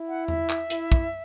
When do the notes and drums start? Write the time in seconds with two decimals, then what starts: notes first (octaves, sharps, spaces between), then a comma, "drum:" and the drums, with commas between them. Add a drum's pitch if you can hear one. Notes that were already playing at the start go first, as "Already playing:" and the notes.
Already playing: E4
0.08 F#5
0.28 E5, drum: tom E2
0.50 drum: clap
0.70 E4, drum: hi-hat
0.92 drum: kick